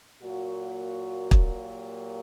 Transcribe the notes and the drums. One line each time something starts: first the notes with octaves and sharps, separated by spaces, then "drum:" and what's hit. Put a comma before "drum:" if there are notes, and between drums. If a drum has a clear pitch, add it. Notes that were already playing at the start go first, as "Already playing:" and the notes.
A#2 F#3 A#3 F#4
drum: kick
G4